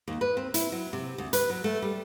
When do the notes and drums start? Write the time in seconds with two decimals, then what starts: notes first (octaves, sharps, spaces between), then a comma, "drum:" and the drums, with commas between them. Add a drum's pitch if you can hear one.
0.08 D#2
0.21 B4
0.37 C4
0.54 E4, drum: hi-hat
0.72 F#3
0.93 C3
1.18 D2
1.33 B4, drum: hi-hat
1.50 F#3
1.64 A3
1.82 G3